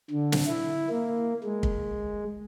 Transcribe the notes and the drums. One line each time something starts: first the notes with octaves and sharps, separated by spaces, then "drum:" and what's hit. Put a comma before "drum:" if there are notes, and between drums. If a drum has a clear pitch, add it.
D3
drum: snare
E4
A#3
G#3
drum: kick